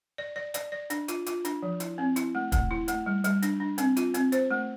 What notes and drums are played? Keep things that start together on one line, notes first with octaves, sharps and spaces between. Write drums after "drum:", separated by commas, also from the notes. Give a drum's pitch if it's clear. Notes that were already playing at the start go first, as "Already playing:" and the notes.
D5
D5
D5, drum: hi-hat
D5
D4, drum: hi-hat
F4, drum: hi-hat
F4, drum: hi-hat
D4, drum: hi-hat
F3
E4, drum: hi-hat
C4
E4, drum: hi-hat
A3
A3, drum: kick, hi-hat
E4
A3, drum: hi-hat
G3
G3, drum: hi-hat
D4, drum: hi-hat
D4
C4, drum: hi-hat
F4, drum: hi-hat
C4, drum: hi-hat
C5, drum: hi-hat
A3